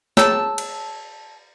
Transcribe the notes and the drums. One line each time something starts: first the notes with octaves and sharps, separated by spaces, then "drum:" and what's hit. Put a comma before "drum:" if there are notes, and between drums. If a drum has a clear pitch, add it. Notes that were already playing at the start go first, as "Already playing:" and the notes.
G#4 C#5 A5 A#5 E6, drum: snare
drum: cymbal